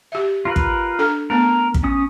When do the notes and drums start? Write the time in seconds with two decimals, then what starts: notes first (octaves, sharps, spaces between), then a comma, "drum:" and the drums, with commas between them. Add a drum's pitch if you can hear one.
0.12 G4 E5
0.45 F4 A#4 B4
0.56 drum: kick
0.99 D4 A4 A#5
1.30 A3 B3 A#4
1.74 drum: kick
1.83 C#4 D#6